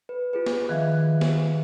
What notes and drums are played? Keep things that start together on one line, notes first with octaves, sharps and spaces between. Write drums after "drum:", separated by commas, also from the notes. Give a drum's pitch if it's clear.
B4
F4 G#4 B4
drum: snare
D#3 F3 E5
drum: snare